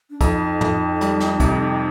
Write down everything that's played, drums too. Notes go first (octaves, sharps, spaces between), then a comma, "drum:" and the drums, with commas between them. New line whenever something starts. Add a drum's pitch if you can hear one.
D4
F2 D#4, drum: kick, hi-hat
F2, drum: tom
G3, drum: hi-hat
drum: snare
C3, drum: kick, hi-hat